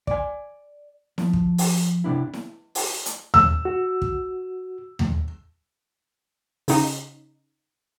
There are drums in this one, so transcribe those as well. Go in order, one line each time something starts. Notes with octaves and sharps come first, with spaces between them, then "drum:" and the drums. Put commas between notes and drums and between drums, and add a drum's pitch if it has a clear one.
D5 G#5, drum: kick
F3, drum: snare E4
drum: kick
drum: open hi-hat
C3 D4 E4
drum: snare E4
drum: open hi-hat
drum: hi-hat
E6, drum: tom D#2
F#4
drum: kick
drum: tom D#2
C#3 D#4, drum: open hi-hat